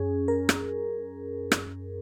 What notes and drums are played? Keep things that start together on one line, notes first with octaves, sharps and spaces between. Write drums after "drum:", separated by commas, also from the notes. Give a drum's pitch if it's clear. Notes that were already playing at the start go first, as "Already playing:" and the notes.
Already playing: F#2 C#4 G#4
A#4
drum: rim click
drum: rim click